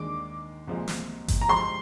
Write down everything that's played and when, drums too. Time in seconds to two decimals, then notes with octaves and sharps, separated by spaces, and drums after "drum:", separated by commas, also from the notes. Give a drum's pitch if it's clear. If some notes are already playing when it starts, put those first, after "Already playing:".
Already playing: D#2 D#3 G#3 D4 D6
0.68 C2 A#2 F3 G#3
0.88 drum: snare
1.28 drum: kick G1, hi-hat
1.41 A#5
1.49 G2 D3 F3 G#3 C6